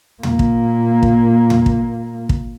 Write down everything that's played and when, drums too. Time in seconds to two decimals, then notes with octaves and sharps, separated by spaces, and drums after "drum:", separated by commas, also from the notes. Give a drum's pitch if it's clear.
0.23 A#2 A#3, drum: tom
0.39 drum: kick
1.03 drum: kick
1.50 drum: tom
1.66 drum: kick
2.29 drum: kick